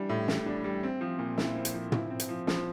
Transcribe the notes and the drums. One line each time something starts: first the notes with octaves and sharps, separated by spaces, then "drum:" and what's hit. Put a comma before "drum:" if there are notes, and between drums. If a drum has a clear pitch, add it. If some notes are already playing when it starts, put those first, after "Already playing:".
Already playing: E3 G3 D4
A2
A2, drum: snare
D4
G3
C4
F3
A#2
E4, drum: snare
C4
drum: hi-hat
F3
E4, drum: tom
C4
drum: hi-hat
F3
F3, drum: snare